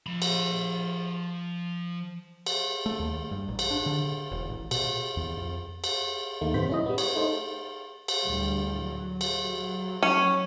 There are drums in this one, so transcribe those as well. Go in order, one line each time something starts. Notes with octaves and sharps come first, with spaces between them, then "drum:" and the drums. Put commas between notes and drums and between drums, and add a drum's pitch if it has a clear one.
F3 B5
drum: cymbal
drum: cymbal
A3
D#2
G2
A1
drum: cymbal
D4
D3
E1
A1
B2, drum: cymbal
E2
F2
drum: cymbal
D#2 D#3 A3 A#3
A1 F#2 C3 B3 C5 B6
C#4 E4 D#5
G3 B3
C#5, drum: cymbal
A3 D#4 C5
drum: cymbal
D2 A2 G3
F#3
drum: cymbal
F#3
C#4